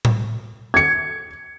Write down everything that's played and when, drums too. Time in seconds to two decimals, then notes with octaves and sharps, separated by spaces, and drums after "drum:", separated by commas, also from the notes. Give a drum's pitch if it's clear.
0.05 drum: tom A2
0.74 G#6 C#7